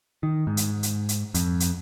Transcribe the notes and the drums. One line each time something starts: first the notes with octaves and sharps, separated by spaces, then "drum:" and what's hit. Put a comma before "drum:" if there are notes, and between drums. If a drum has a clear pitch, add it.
D#3
G#2
drum: hi-hat
drum: hi-hat
drum: hi-hat
F2, drum: hi-hat
drum: hi-hat